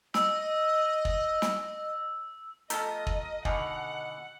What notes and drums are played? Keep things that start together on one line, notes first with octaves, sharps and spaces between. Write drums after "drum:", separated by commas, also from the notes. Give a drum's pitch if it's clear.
D#5 E6, drum: snare
drum: kick
drum: snare
F3 A3 B3 F4 A4 D#5 A#5 F6, drum: hi-hat
drum: kick
B2 D3 D#3 D#5 F#5 G#5, drum: kick